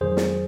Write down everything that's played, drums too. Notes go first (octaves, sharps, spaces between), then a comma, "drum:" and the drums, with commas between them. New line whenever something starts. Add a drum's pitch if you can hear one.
F2 D#3 F#3 G#4 C5
drum: snare